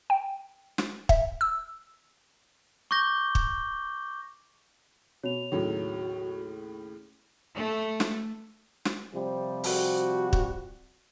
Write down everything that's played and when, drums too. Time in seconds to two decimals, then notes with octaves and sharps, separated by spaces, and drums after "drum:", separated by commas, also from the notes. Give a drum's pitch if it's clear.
0.10 G5
0.78 drum: snare
1.09 E5, drum: kick
1.41 E6
2.91 C#6 D6 G6 A#6 G7
3.35 drum: kick
5.23 B2 C#5 F7
5.52 D#2 A2 C#3 F#3 F#4
7.55 A3
8.00 drum: snare
8.85 drum: snare
9.13 C3 F3 G3
9.64 F#4, drum: open hi-hat
10.33 drum: kick